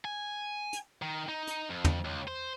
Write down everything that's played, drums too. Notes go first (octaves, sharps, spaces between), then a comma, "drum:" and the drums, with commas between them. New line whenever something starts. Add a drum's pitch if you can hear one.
G#5
drum: hi-hat
D#3
D#4
drum: hi-hat
F2
drum: tom
C#2
C5